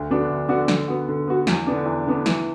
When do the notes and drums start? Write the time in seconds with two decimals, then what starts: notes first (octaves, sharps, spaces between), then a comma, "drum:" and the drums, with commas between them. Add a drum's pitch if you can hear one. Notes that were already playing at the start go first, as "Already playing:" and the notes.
Already playing: D2
0.10 D3 B3 D4 F#4
0.29 D2
0.49 D3 B3 D4 F#4
0.68 D3, drum: snare
0.88 B3 F#4
1.08 D3
1.28 B3 F#4
1.47 E2, drum: snare
1.67 D3 B3 D4
1.86 E2
2.07 D3 B3 D4
2.26 E3, drum: snare